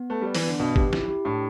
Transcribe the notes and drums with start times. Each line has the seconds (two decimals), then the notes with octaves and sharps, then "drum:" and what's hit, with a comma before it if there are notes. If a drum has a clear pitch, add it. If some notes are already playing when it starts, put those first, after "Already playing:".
Already playing: B3
0.10 A3 B4
0.21 G3 D5
0.35 E3, drum: open hi-hat
0.43 D3 B3
0.59 G2 B2 B4
0.76 G4, drum: kick
0.93 E4, drum: snare
1.09 G4
1.25 A2 D4